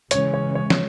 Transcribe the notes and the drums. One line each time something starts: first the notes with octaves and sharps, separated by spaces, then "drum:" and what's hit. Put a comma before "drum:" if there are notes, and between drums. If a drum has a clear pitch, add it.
C#3 E3 G#3 C#4 C#5, drum: hi-hat
C#5
C#5
drum: snare